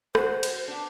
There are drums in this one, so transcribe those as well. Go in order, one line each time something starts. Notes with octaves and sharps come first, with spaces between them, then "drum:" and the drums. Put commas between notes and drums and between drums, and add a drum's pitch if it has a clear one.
C4 F#4 G#4 C5, drum: rim click
drum: cymbal
B3 D4